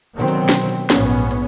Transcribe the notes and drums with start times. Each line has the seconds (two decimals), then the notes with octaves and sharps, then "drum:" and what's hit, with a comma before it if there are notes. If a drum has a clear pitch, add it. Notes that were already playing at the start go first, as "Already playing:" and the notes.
0.15 B2 D3 D#3 F#3 C4
0.28 drum: hi-hat
0.49 drum: snare
0.69 drum: hi-hat
0.90 A#1 G#2 B3 C#4, drum: snare
1.10 drum: hi-hat
1.31 drum: hi-hat